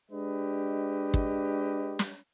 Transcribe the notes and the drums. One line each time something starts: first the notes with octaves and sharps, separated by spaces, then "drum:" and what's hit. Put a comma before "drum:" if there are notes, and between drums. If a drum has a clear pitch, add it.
G#3 D4 G4 B4 D#5
drum: kick
drum: snare